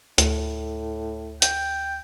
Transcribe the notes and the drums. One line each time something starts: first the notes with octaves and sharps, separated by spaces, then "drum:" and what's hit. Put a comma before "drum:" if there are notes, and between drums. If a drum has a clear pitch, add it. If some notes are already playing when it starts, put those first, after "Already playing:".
D2 A2, drum: hi-hat
G5, drum: hi-hat